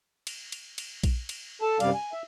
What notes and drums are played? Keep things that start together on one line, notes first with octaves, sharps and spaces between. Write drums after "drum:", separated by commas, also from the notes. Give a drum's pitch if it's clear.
drum: cymbal
drum: cymbal
drum: cymbal
drum: kick A#1, cymbal
drum: cymbal
A4 A5
F#2 C3 G3 D5 F5, drum: cymbal
G#5
E5